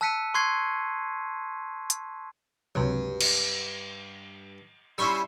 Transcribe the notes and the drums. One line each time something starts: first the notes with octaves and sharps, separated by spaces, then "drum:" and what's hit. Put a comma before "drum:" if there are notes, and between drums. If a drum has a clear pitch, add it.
A5 E6 F#6 B6 C#7 D#7
C6 C#6 F#6 G#6 C7
drum: hi-hat
C#2 G2 C3 F#3
drum: cymbal
G3 C#4 E4 C6 C#6 E6